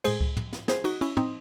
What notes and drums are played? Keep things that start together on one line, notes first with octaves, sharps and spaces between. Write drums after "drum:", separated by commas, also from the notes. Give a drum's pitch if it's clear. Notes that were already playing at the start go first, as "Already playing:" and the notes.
A2 G#3 G#4 C5, drum: cymbal
drum: kick C#2
drum: tom
drum: snare
G#4 C5, drum: snare
D#4 F#4, drum: cymbal
C#4 E4, drum: cymbal
C4 D#4, drum: tom